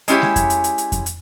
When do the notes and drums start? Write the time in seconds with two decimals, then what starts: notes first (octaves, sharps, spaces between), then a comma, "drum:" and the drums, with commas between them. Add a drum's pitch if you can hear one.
0.08 G#3 C#4 E4 G4 C#5, drum: hi-hat
0.22 drum: snare G#3
0.36 drum: kick F2, hi-hat
0.50 drum: hi-hat
0.64 drum: hi-hat
0.78 drum: hi-hat
0.92 drum: kick F2, hi-hat
1.06 drum: hi-hat